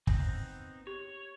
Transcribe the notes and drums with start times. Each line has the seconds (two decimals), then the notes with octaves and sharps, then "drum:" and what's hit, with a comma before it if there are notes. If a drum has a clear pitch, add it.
0.07 B3 C4 D#4, drum: kick
0.87 G4 C#5